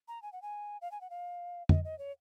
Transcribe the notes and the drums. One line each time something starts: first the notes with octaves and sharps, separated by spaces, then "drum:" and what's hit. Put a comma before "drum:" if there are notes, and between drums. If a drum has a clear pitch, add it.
A#5
G#5
F#5
G#5
F5
G#5
F#5
F5
D#5, drum: tom F2
D#5
C#5